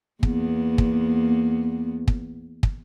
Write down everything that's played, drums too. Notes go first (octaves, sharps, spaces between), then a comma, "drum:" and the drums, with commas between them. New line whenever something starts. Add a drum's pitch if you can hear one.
E2 A#3 B3, drum: kick
drum: kick
drum: kick
drum: kick